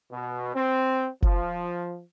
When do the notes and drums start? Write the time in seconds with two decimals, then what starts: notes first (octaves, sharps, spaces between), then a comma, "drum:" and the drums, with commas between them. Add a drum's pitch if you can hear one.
0.11 B2
0.55 C4
1.22 F3, drum: kick F#1